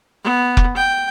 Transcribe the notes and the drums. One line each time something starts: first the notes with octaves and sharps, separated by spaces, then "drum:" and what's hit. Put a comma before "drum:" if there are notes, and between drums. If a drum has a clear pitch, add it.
B3
drum: kick F1
G5